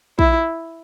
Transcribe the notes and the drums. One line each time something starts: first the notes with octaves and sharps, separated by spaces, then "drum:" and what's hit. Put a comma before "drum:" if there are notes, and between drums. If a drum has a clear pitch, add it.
E4, drum: kick A#1